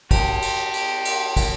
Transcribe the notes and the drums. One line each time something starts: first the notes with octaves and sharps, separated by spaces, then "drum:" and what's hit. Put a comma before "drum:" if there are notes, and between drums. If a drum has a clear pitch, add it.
G4, drum: kick, cymbal
drum: cymbal
drum: cymbal
drum: cymbal
drum: kick, cymbal